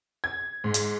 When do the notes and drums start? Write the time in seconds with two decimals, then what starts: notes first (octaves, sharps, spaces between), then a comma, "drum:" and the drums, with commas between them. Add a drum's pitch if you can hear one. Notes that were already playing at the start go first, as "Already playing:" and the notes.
0.24 G#6
0.64 G#2
0.74 drum: hi-hat